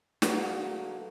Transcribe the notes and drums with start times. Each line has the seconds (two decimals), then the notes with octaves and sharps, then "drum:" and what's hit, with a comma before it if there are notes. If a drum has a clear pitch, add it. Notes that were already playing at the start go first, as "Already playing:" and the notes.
0.22 D3 F#3 A3 A#3 G#4 B4, drum: snare